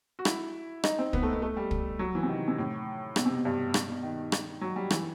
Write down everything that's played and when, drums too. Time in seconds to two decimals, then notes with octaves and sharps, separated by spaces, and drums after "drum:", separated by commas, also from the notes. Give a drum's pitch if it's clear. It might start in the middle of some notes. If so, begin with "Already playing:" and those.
0.19 F#4
0.25 E4, drum: rim click
0.84 D#4, drum: rim click
0.99 C4
1.13 B3, drum: kick
1.23 A3
1.33 B3
1.42 A3
1.57 G3
1.71 drum: kick
1.99 F#3
2.15 E3
2.23 C3
2.29 D#3
2.48 C3
2.58 A2
3.16 B2, drum: rim click
3.26 C3
3.35 B2
3.45 G2
3.74 drum: rim click
3.88 B2
4.03 D#3
4.32 drum: rim click
4.61 F#3
4.76 G3
4.90 E3, drum: rim click